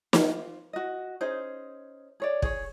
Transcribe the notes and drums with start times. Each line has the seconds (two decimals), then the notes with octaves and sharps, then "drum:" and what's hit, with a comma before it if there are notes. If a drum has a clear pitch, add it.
0.13 F4 C5, drum: snare
0.73 F#4 D#5
1.21 C#4 D#4 G#4 C5
2.20 G#4 C#5 D5
2.42 G#4 C#5, drum: kick